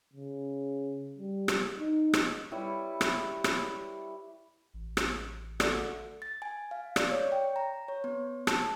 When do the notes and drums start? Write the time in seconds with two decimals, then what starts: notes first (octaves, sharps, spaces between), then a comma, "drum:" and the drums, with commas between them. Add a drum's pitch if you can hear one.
0.13 C#3
1.18 G3
1.48 drum: rim click
1.79 D#4
2.13 drum: rim click
2.51 G3 E4 B4 C#5
3.01 drum: rim click
3.44 drum: rim click
4.74 A1
4.97 drum: rim click
5.60 D2 D3 D5, drum: rim click
6.22 A6
6.42 G#5
6.71 F5
6.96 D5, drum: rim click
7.12 C#5
7.32 G5
7.56 A#5
7.88 C#5
8.04 B3
8.47 A5, drum: rim click